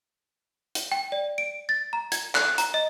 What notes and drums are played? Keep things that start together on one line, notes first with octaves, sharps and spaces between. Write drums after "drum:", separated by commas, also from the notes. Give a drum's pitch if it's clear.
drum: hi-hat
G5
D5
D7
A6
A#5
G#6, drum: hi-hat
F#6, drum: clap
A#5, drum: hi-hat
D#5